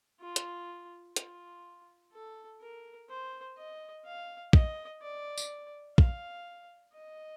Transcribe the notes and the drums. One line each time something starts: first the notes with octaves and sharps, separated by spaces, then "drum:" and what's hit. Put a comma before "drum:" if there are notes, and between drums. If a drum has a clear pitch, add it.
F4
drum: hi-hat
F4, drum: hi-hat
A4
A#4
C5
D#5
F5
D#5, drum: kick
D5
drum: tambourine
F5, drum: kick
D#5